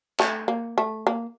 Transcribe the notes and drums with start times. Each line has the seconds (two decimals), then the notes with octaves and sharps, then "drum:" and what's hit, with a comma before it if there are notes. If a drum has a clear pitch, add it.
0.20 A3, drum: clap
0.48 A#3
0.78 A3
1.07 A#3